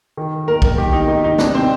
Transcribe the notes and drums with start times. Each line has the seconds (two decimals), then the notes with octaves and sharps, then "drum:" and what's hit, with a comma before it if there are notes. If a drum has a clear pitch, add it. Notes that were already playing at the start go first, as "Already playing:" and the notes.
0.17 D#3
0.48 D#2 A#4
0.62 drum: kick
0.77 D#3 G4
0.93 D#4
1.08 D#3 D#4
1.24 D#4
1.38 C3 D4, drum: snare
1.55 C4